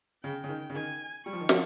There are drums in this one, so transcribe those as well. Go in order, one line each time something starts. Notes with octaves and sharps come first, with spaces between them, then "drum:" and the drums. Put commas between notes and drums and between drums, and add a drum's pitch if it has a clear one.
C#3 G5
C#3
D#3
C#3
D#3 G#5
G3 C#6
F3
D#3
F3, drum: snare